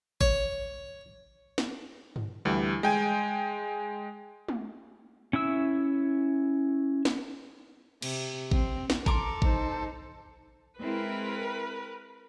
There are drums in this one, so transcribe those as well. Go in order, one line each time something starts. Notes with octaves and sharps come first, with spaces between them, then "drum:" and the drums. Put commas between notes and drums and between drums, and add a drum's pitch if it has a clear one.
C#5, drum: kick A1
drum: snare
drum: tom G2
D2 E3 G3
G#3 G5 G#5
drum: tom
C#4 E4 E5 E6
drum: snare
C3, drum: cymbal
C4, drum: kick A1
drum: snare
A4 A#4 C6 D6, drum: kick A1
D#4 C5, drum: kick A1
G#3 C4 E4 A#4 B4